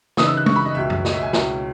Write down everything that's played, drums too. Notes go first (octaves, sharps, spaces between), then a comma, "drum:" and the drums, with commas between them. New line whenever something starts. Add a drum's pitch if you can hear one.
C#3 E3 B3 D#4 D#6, drum: snare
E6
F#6
C#6, drum: tom
B5
D#5
C#2 B2 F#3 E5
drum: tom
D#5, drum: snare
E5
G#5
C#2 B2 F#3 C#4 E4, drum: snare